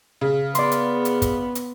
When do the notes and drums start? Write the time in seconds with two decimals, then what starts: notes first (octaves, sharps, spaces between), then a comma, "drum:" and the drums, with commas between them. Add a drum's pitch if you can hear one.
0.21 C#3
0.55 B3 D5 C6, drum: hi-hat
0.72 drum: hi-hat
1.05 drum: hi-hat
1.22 drum: kick, hi-hat
1.55 drum: hi-hat